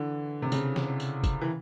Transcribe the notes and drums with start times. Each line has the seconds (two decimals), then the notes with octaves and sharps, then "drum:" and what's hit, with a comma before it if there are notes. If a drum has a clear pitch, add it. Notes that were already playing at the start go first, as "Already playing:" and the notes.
Already playing: D3 E3
0.42 C3
0.52 C#3, drum: tambourine
0.76 drum: snare
1.00 drum: tambourine
1.24 drum: kick F#1, tambourine
1.41 E3